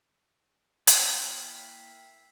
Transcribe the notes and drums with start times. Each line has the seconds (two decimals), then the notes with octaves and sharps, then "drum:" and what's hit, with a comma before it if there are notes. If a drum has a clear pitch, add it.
0.87 A#3 E4 E5 G5 G#5 C7, drum: hi-hat
1.46 E5